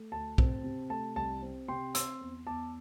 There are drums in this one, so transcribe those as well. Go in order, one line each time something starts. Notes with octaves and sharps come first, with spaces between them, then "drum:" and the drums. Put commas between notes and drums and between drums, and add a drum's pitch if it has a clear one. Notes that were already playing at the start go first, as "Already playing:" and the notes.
Already playing: A3
D2 A5
C4, drum: kick
C3
A3 A5
C2 A5
C4
C3 G5 C6
C4 C6 E6, drum: hi-hat
E2
E2 A5 D6